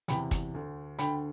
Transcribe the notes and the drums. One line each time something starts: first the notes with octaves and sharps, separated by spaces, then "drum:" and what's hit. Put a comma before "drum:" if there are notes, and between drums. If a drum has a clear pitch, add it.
E2 C3 E3 G5 B5, drum: hi-hat
drum: kick, hi-hat
D2 D3
D2 D3 G5 B5, drum: hi-hat